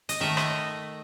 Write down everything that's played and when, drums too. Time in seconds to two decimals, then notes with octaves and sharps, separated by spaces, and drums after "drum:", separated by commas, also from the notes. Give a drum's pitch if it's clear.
0.09 D#5, drum: hi-hat
0.20 D#3 A3 E5
0.37 D#5, drum: rim click